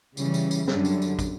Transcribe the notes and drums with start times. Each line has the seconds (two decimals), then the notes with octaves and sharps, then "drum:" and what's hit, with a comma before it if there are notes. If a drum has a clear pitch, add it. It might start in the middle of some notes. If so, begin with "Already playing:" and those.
0.17 C#3 E3 G3 C#4, drum: tambourine
0.34 drum: tambourine
0.51 drum: tambourine
0.68 F#2 D3 G3 C#4, drum: snare
0.85 drum: tambourine
1.02 drum: tambourine
1.19 drum: kick, tambourine